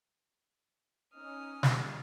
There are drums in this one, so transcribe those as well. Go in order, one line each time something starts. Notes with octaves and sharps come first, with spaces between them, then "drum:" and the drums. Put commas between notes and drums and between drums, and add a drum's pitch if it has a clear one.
C#4 D#4 D#6 F6
D#1, drum: snare